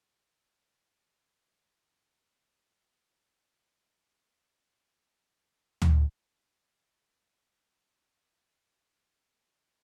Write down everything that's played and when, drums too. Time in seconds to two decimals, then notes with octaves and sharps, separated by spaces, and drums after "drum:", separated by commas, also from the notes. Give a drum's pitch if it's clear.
0.12 F6
0.38 A#6
0.89 C#4 D4 B5
1.58 A5
2.22 C#5
2.74 D5 F#6 G6
2.89 E2
3.35 F#2 A2 C3 D#3 C4 D4
3.89 F2 A2
4.52 A2 G3 C#4 A4
4.81 F#2 F#3 G#3 A4 B4 E5
5.82 drum: tom D2
6.48 G#2 G3 F#4
7.46 C6
7.66 C#4
7.86 C#5
8.03 A4
8.29 G4
8.59 A3
9.00 G#4
9.30 A#4
9.50 E5